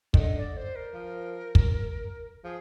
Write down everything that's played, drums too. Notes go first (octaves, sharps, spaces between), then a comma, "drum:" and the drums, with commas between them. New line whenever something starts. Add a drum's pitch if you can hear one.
D#3, drum: kick
D3 D#5
D5
C5
A#4
F3
drum: kick
F3 G#4